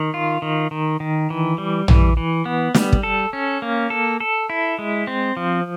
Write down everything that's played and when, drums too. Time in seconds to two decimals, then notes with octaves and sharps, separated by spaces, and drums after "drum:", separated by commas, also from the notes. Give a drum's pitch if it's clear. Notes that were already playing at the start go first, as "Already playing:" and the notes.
Already playing: D#3
0.14 F4
0.42 D#3
0.71 D#3
1.00 D#3
1.30 E3
1.58 G3
1.88 E3, drum: tom A#1
2.17 E3
2.45 B3
2.75 G3, drum: snare
2.92 drum: kick
3.03 A4
3.33 C#4
3.62 A#3
3.90 A4
4.20 A4
4.50 E4
4.79 G#3
5.07 C4
5.37 F3